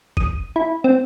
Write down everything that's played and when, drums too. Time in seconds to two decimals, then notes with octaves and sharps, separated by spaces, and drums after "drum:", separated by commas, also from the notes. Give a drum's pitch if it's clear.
0.17 D#6, drum: kick
0.56 E4
0.84 C4